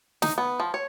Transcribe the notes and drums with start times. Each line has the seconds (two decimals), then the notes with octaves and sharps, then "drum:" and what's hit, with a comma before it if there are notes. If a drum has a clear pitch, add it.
0.22 D#4, drum: snare
0.38 B3
0.60 F3
0.74 C#5